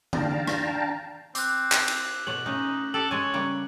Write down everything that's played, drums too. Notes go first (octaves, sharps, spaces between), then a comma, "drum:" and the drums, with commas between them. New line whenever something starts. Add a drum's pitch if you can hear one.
D4 F5 G5 A5 A#5, drum: tom
drum: rim click
C4 D6 F#6, drum: hi-hat
drum: clap
drum: cymbal
B2 A4 C#5 F#7
A3 C#4 D#4
G4 A4 F#7
G#3 C#5 G#5
C#3 G3 A#3